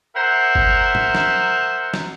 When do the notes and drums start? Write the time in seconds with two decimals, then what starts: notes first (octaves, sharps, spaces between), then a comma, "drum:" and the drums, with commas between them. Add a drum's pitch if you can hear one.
0.16 A#4 C5 E5 F#5 A#5
0.55 drum: kick
0.95 drum: tom
1.15 drum: snare
1.94 drum: snare